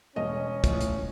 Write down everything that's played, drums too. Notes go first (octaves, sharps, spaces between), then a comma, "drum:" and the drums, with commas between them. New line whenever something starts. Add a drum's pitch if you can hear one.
E1 C#4 D#5
C#2 A2 F3, drum: kick, hi-hat
drum: hi-hat